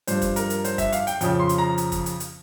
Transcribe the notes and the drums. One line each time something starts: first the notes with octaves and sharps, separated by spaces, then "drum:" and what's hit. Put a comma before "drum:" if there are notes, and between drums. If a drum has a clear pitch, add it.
G2 F3 C5, drum: hi-hat
drum: kick, hi-hat
A#4, drum: hi-hat
drum: hi-hat
C5, drum: hi-hat
E5, drum: kick, hi-hat
F5, drum: hi-hat
G5, drum: hi-hat
F2 C#3 F3 G5, drum: hi-hat
C6
drum: hi-hat
A#5
drum: hi-hat
drum: kick, hi-hat
drum: hi-hat
drum: hi-hat